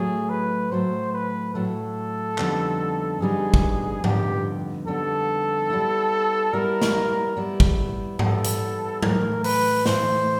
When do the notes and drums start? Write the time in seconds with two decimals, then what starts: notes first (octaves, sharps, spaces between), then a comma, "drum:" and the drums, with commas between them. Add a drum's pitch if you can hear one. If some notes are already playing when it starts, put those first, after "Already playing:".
Already playing: A2 F#3 A3 G#4
0.29 B4
0.71 A2 F#3 A3 C5
1.13 B4
1.54 A2 F#3 A3 A4
2.38 F2 D3 G3 B3 D#4, drum: clap
3.21 F2 D3 G3 B3 D#4 G#4
3.54 drum: kick
4.04 F2 D3 G3 B3 D#4 G4, drum: tom G#2
4.87 F2 D3 G3 B3 D#4 A4
5.70 G3 B3 E4
6.53 G3 B3 E4 A#4
6.82 drum: snare
7.36 G3 B3 E4
7.60 drum: kick
8.19 G3 B3 E4 A4, drum: tom G#2
8.44 drum: hi-hat
9.03 A2 E3 A3 A#4, drum: tom F#3
9.44 B4, drum: open hi-hat
9.86 A2 E3 A3 C5, drum: snare